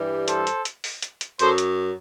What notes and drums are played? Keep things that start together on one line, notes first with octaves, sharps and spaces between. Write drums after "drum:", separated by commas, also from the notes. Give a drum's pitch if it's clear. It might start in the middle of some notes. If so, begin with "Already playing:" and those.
Already playing: G2 E3 G3
A4 C5, drum: hi-hat
drum: hi-hat
drum: hi-hat
drum: open hi-hat
drum: hi-hat
drum: hi-hat
F#2 F#3 A4 C5, drum: hi-hat
drum: hi-hat